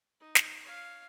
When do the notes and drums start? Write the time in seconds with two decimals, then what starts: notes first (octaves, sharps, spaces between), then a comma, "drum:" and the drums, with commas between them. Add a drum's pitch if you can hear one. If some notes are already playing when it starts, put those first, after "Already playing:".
0.20 D#4
0.35 drum: snare
0.62 C#5 F5